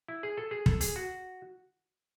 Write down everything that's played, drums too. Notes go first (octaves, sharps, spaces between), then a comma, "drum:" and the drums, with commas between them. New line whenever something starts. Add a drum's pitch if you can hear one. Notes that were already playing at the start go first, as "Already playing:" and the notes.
E4
G#4
A4
G#4
A4, drum: kick
G#4, drum: hi-hat
F#4